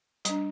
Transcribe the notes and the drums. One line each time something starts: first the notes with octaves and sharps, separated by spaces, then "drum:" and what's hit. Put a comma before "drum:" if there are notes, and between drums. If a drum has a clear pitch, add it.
G3 D4, drum: hi-hat